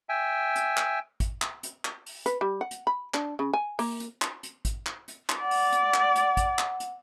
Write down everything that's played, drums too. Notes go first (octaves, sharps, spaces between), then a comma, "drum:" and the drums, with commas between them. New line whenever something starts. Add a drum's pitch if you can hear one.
E5 G5 G#5
drum: hi-hat
drum: clap
drum: kick, hi-hat
drum: clap
drum: hi-hat
drum: clap
drum: open hi-hat
B4, drum: hi-hat
G3
F#5
drum: hi-hat
B5
D4, drum: clap
C#3
G#5
A#3, drum: open hi-hat
drum: hi-hat
drum: clap
drum: hi-hat
drum: kick, hi-hat
drum: clap
drum: hi-hat
drum: clap
D5 F#5
drum: open hi-hat
drum: hi-hat
drum: clap
drum: hi-hat
drum: kick, hi-hat
drum: clap
drum: hi-hat